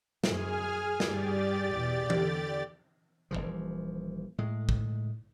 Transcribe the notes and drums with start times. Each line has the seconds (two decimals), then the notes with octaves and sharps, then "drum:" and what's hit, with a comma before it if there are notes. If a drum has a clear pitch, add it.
0.24 F#2 G#4 G#5 F6, drum: snare
1.00 G2 G4 D5 A6, drum: snare
1.74 E2 B2
2.10 E2 D3, drum: tom E3
3.31 D#1 D2 E3 F3
4.38 A2 G#3
4.69 drum: kick